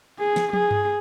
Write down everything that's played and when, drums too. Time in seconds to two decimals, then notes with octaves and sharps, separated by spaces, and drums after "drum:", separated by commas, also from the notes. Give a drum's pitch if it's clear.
0.19 G#4
0.36 drum: snare
0.53 G#4, drum: tom
0.71 drum: tom G2